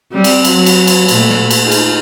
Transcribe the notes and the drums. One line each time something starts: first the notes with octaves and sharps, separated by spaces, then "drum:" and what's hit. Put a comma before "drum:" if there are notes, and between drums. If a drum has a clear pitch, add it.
G3 C4
drum: cymbal
F#3, drum: cymbal
drum: cymbal
drum: cymbal
A#2 A3, drum: cymbal
drum: snare
drum: cymbal
D#4 F4 G#4
drum: cymbal